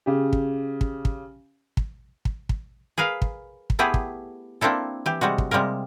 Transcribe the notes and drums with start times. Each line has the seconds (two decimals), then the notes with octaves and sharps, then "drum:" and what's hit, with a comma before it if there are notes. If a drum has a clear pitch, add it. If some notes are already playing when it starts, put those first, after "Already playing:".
0.06 C#3 G4
0.33 drum: kick
0.81 drum: kick
1.05 drum: kick
1.77 drum: kick
2.25 drum: kick
2.49 drum: kick
2.98 G#4 A#4 B4 F5
3.22 drum: kick
3.70 drum: kick
3.79 A3 B3 E4 G4 G#4 B4
3.94 drum: kick
4.61 A#3 C4 D4 E4 A4
5.06 E3 G4
5.21 C3 G3 G#3 F#4
5.38 drum: kick
5.51 C3 G3 G#3 A#3 A#4